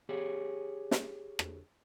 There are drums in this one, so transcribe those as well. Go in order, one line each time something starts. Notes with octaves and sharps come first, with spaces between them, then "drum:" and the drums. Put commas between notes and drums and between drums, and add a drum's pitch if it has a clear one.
G4 G#4 C#5
drum: snare
drum: rim click